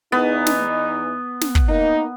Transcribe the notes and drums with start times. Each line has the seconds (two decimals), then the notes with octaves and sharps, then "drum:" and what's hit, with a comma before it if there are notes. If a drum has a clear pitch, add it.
0.12 E2 B3 D#4
0.47 drum: snare
1.41 drum: snare
1.55 drum: kick
1.69 A#3 D#4